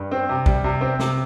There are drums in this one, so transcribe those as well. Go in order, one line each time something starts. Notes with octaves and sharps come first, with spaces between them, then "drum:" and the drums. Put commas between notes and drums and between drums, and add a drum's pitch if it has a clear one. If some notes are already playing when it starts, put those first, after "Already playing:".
Already playing: G2
C4
C3
G3, drum: kick
C3
C4
C3, drum: snare